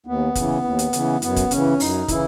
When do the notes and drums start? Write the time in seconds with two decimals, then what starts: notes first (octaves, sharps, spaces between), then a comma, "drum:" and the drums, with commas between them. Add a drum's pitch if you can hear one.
0.06 D#2 B3
0.35 C#3 E3, drum: kick, hi-hat
0.64 D#2
0.79 drum: hi-hat
0.93 C#3 E3, drum: hi-hat
1.22 F#2 B3, drum: hi-hat
1.36 drum: kick, hi-hat
1.51 C#3 E3 C#4, drum: hi-hat
1.80 F#2 D#4, drum: open hi-hat
2.08 C#3 E3 E4, drum: kick, hi-hat